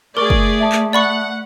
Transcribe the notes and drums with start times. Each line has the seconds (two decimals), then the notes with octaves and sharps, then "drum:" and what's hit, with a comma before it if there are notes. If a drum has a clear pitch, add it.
0.17 A3 G#4 A#4 D5 C#6 D6
0.30 drum: kick
0.60 E5 A5 D#6
0.72 drum: clap
0.93 D5 F#5 B5 C#6